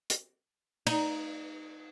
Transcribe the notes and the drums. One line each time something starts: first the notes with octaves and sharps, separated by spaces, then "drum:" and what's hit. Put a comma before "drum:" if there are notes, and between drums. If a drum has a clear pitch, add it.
drum: hi-hat
D#4, drum: cymbal